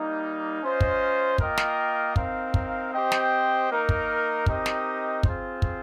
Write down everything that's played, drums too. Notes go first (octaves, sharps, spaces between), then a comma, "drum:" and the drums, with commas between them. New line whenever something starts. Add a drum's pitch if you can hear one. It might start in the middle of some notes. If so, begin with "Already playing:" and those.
Already playing: G3 A#3 D#4
C#4 F4 C5 D#5
drum: kick
A#3 F4 A#4 D#5 G5, drum: kick
drum: snare
C4 D#4 A#4 F5, drum: kick
drum: kick
C4 G4 C5 D#5 G5
drum: snare
A#3 D#4 A#4
drum: kick
C4 D#4 G4 A#4 D#5, drum: kick
drum: snare
C4 F4 G#4 C5, drum: kick
drum: kick